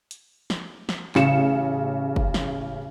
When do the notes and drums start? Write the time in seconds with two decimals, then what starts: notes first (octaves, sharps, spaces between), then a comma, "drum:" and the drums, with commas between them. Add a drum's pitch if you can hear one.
0.11 drum: hi-hat
0.50 drum: snare
0.89 drum: snare
1.15 A1 C#3 C#7 E7, drum: clap
2.16 drum: kick F#1
2.34 drum: snare